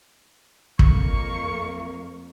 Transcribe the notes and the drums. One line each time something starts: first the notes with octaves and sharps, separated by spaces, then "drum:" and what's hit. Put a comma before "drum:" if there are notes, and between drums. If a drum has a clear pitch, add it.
F2 A#3 C#6, drum: kick